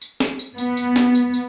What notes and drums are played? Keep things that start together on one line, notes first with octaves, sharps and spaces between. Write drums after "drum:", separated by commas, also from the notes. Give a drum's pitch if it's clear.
drum: tambourine
drum: snare
drum: tambourine
B3, drum: tambourine
drum: tambourine
drum: snare
drum: tambourine
drum: tambourine